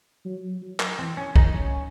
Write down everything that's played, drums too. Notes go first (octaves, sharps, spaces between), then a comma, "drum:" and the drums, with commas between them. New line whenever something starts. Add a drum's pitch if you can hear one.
F#3
F#3
drum: clap
E3 C4
C#4
D#3 D#4, drum: kick
C#4